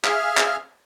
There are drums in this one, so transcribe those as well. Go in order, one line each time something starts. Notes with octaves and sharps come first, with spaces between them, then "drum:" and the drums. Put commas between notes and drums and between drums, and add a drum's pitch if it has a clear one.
G#4 E5 F5 F6, drum: clap
drum: clap